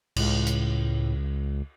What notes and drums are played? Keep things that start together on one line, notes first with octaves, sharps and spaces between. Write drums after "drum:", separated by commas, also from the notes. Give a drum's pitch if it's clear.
C#2 A2, drum: cymbal
drum: hi-hat